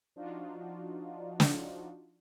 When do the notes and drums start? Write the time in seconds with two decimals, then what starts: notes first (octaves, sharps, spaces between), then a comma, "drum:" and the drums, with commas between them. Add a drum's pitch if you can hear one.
0.16 F3 D4 D#4 F4 F#4
1.40 drum: snare